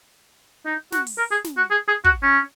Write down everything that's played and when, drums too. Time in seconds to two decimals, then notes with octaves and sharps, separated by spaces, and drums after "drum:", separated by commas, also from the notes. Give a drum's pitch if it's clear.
0.66 D#4
0.92 F#4, drum: snare
1.07 drum: open hi-hat
1.18 A#4
1.31 G#4
1.44 drum: snare
1.57 F#4
1.70 G#4
1.88 G#4
2.04 F#4, drum: kick
2.23 C#4